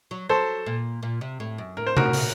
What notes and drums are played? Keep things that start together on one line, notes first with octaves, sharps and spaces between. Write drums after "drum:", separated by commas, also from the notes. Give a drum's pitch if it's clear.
F#3
F#3 A4 C5
A#2
A#2
C3
A2
F#2
A2 A#4
C5
F#4 A#4, drum: tom C3
A#2, drum: open hi-hat